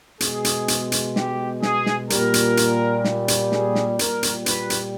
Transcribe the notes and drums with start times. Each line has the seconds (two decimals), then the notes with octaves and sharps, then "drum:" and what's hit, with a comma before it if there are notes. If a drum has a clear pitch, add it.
0.20 B2 G#3 G#4, drum: hi-hat
0.45 drum: hi-hat
0.68 drum: hi-hat
0.92 drum: hi-hat
1.16 G4, drum: snare
1.63 G#4, drum: snare
1.86 drum: snare
2.10 A#2 G3 A#4, drum: hi-hat
2.34 drum: hi-hat
2.57 drum: hi-hat
3.04 drum: snare
3.28 drum: hi-hat
3.52 G#4, drum: snare
3.75 drum: snare
3.99 A#2 G3 A#4, drum: hi-hat
4.23 drum: hi-hat
4.46 B4, drum: hi-hat
4.70 drum: hi-hat